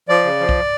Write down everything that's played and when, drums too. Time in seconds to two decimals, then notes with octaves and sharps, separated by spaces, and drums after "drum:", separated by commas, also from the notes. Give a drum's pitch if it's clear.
0.09 F3 D5
0.24 C#3
0.40 F3
0.49 drum: kick